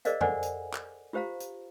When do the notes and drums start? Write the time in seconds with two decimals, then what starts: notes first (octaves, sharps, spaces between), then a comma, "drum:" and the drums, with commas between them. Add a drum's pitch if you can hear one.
0.05 G#4 A#4 C5 D5 D#5 F5, drum: hi-hat
0.21 A4 A#4 C5 D5 F#5 G#5, drum: tom F2
0.43 drum: hi-hat
0.73 drum: clap
1.13 F4 G4 C5 F5 A#5
1.40 drum: hi-hat